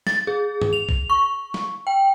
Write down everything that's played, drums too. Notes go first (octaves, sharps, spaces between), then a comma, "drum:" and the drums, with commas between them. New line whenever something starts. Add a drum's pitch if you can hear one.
A6, drum: snare
G#4
drum: tom
F7
drum: kick
C#6
drum: snare
G5